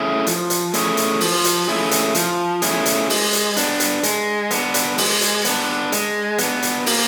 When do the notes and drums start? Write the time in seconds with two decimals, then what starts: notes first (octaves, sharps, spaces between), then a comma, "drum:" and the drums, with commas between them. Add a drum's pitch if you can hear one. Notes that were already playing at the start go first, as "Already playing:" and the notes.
Already playing: A3 C#4 E4 G#4
0.27 F3, drum: hi-hat
0.50 drum: hi-hat
0.74 A3 C#4 E4 G#4, drum: hi-hat
0.97 drum: hi-hat
1.20 F3, drum: open hi-hat
1.44 drum: hi-hat
1.67 A3 C#4 E4 G#4
1.91 drum: hi-hat
2.15 F3, drum: hi-hat
2.62 A3 C#4 E4 G#4, drum: hi-hat
2.86 drum: hi-hat
3.10 G#3, drum: open hi-hat
3.33 drum: hi-hat
3.57 B3 D4, drum: hi-hat
3.80 drum: hi-hat
4.03 G#3, drum: hi-hat
4.51 B3 D4, drum: hi-hat
4.74 drum: hi-hat
4.98 G#3, drum: open hi-hat
5.21 drum: hi-hat
5.45 B3 D4, drum: hi-hat
5.92 G#3, drum: hi-hat
6.38 B3 D4, drum: hi-hat
6.63 drum: hi-hat
6.86 A#3, drum: open hi-hat